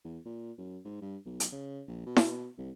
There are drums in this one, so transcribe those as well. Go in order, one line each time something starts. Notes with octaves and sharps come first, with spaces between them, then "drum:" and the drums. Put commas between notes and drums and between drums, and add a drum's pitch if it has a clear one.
E2
A#2
F#2
G#2
G2
B1
drum: hi-hat
C#3
A#1
B2
drum: snare E4
C2